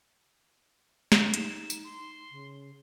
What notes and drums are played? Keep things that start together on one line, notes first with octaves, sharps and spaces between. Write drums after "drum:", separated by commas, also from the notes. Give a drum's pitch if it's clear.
drum: snare
D#4 E7, drum: hi-hat
drum: tambourine
C6
C#3